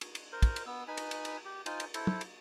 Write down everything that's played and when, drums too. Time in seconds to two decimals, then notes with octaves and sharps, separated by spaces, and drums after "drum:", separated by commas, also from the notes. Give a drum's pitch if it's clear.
0.01 drum: cymbal
0.15 drum: cymbal
0.32 A#4 C5
0.42 drum: kick, cymbal
0.56 drum: cymbal
0.66 B3 E6
0.88 D#4 B4 G#5 B5
0.97 drum: cymbal
1.11 drum: cymbal
1.25 drum: cymbal
1.45 G4
1.66 D#4 F4 C5 G#5, drum: cymbal
1.80 drum: cymbal
1.94 E4 A4 C5, drum: cymbal
2.07 drum: tom
2.21 drum: cymbal